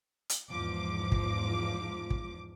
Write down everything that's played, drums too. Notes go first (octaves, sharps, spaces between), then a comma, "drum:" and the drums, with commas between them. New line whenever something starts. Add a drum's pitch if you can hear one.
drum: hi-hat
E2 G#2 F3 D6
drum: kick
drum: kick